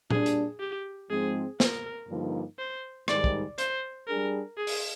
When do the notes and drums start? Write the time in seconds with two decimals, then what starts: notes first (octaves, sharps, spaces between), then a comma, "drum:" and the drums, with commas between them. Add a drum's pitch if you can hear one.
0.10 A#2 G3 D4 G#4, drum: tom A#2
0.26 drum: hi-hat
0.60 G4
1.10 G#2 F3 G#3 C4 G#4
1.60 A#4, drum: snare
2.09 G2 D3 F3 A#3 D#4
2.59 C5
3.08 G#2 D#3 G3 D5, drum: rim click
3.24 drum: kick
3.58 C5, drum: hi-hat
4.07 G3 D4 G#4 A#4
4.58 G#4
4.67 drum: open hi-hat